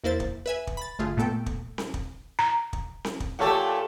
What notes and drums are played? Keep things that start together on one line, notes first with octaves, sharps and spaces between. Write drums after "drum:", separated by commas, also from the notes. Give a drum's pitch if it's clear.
E2 A#3 E4 C5 A6
drum: kick
B4 E5 G#5
drum: kick
B5 A6
G1 A3 F4 G#4
A#2 A3 B3 A4 G5
drum: kick
drum: snare C4
drum: kick
A#5
drum: kick
drum: snare C4
drum: kick
A#2 A3 G4 A4 C#5 F#5